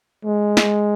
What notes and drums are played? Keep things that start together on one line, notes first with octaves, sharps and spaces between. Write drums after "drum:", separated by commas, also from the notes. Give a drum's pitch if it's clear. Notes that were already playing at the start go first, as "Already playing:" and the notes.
G#3
drum: snare